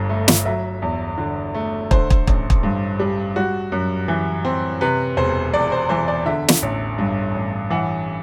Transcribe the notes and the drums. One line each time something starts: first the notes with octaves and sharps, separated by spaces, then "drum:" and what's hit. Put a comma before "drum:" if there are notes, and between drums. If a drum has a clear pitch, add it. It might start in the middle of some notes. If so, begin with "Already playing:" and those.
Already playing: G1 G2
A3
drum: snare
F#3 E5
E2
D3
A3
D3 C5, drum: kick
drum: kick
A1, drum: kick
drum: kick
G2
G3
G3 F#4
F#2
E3
C4
C3 B4
E1 C5
E2 D5
C5
E3 C5
D5
D3 E5
drum: snare
A1
G2
A1
E3 F#5